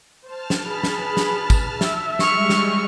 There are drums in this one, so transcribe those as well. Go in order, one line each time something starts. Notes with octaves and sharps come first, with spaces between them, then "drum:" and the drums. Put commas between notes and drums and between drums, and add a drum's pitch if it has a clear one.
C5 A5 F6
drum: snare
G#4 B4 B5
drum: snare
drum: snare
drum: kick, tambourine
E5, drum: snare
G3 G#3 C#6 F6, drum: snare
drum: snare